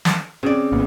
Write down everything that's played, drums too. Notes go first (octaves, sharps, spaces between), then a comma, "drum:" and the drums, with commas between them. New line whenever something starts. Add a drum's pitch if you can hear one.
drum: snare
C#3 C4 D5
G#1 A#3 B3